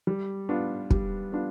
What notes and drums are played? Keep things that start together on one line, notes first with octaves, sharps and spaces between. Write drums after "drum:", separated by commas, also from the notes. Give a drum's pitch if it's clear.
G3
B3 D4 F4
G3, drum: kick
B3 D4 F4